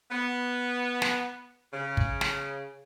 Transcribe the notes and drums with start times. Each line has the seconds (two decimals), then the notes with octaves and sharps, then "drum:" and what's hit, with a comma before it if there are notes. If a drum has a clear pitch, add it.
0.11 B3
1.02 drum: snare
1.73 C#3
1.97 drum: kick
2.21 drum: snare